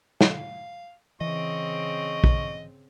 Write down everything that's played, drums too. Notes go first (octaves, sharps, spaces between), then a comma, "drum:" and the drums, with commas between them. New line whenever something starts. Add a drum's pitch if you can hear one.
F5, drum: snare
C#3 E3 C4 D#5 C#6
drum: kick